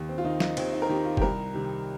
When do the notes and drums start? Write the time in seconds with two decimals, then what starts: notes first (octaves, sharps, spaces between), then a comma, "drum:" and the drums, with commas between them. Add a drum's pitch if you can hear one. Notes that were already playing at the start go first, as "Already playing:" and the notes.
Already playing: D#2
0.09 C4
0.18 F4
0.25 D#3 D#4
0.40 D#4, drum: snare
0.57 D#2 C4, drum: cymbal
0.74 D#4
0.82 A#4
0.89 D#3 G4
1.05 F4
1.17 G4, drum: kick F#1
1.22 C2 A#4
1.53 C3 D#3